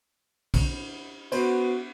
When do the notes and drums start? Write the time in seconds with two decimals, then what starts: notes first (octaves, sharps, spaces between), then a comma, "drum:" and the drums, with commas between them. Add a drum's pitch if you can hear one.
0.54 drum: kick A#1, cymbal
1.32 B3 F#4 B4 C5, drum: cymbal